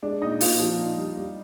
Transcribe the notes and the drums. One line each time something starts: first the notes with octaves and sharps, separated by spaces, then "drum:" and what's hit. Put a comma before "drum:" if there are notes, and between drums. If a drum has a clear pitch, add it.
G#3 D4 D5
A#2 D#4 D#5
A#2 F4 F5, drum: open hi-hat
F3
D#4
G3
G3